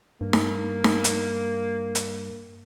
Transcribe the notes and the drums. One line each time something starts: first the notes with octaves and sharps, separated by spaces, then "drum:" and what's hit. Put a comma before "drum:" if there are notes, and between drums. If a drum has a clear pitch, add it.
G2 A#3
drum: snare D#4
drum: snare D#4
drum: hi-hat
drum: hi-hat